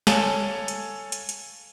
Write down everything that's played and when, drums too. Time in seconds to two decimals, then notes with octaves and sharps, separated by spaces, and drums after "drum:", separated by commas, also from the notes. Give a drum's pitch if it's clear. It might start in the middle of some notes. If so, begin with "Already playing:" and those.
0.07 A4 C#5 F5 G#5 A5, drum: snare
0.68 drum: hi-hat
1.12 drum: hi-hat
1.29 drum: hi-hat